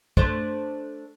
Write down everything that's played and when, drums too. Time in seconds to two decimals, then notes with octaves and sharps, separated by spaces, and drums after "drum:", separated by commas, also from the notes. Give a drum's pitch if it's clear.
0.17 A3 D4 C5, drum: kick